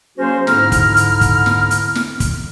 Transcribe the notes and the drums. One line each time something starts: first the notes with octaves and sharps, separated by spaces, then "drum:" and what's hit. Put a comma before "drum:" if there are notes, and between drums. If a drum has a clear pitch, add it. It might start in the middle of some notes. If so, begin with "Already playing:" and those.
F#3 A#3 C#4 F#4 G#4 C5
G#2 D3 E4 A#5 F6, drum: snare
drum: kick, hi-hat
drum: hi-hat
drum: kick, hi-hat
drum: snare
drum: hi-hat
drum: snare
drum: kick, hi-hat